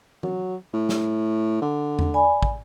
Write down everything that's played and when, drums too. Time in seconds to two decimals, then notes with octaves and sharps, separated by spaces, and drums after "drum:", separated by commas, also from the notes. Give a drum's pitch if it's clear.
0.23 F#3, drum: tom E3
0.73 A2
0.89 drum: snare
1.61 D3
1.99 drum: tom E2
2.14 D5 G#5 B5
2.43 drum: kick